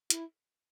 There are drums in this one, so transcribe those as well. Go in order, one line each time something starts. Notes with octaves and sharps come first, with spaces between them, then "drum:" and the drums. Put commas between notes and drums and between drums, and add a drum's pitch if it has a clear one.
E4, drum: hi-hat